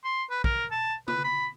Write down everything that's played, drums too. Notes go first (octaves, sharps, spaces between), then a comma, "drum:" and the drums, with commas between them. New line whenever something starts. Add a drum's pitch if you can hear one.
C6
B4
A#4, drum: kick
A5
B4, drum: tom
B5